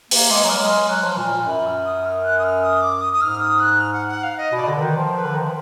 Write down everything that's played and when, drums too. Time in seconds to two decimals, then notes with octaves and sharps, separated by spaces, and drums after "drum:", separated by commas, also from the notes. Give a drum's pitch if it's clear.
0.11 A#3, drum: open hi-hat
0.30 G#3 D6
0.44 F#3
0.50 F6
0.57 G#3
0.70 F6
0.89 F#3 F#6
1.04 F3 F6
1.18 A#2
1.33 A#2
1.46 F#2 B5
1.66 F6
1.85 D#6
2.06 F6
2.24 F#6
2.39 D#6
2.44 F6
2.64 D#6
2.82 D6
3.01 D#6
3.13 D#6
3.21 G#2 F6
3.41 D#6
3.60 F#6
3.79 F6
3.93 F#5
4.08 F#5
4.23 F5
4.37 D#5
4.52 B2
4.57 D5
4.62 B2
4.67 D3
4.76 D#3 B4
4.96 F3 A#4
5.16 B4
5.25 D3
5.34 D#3
5.44 F3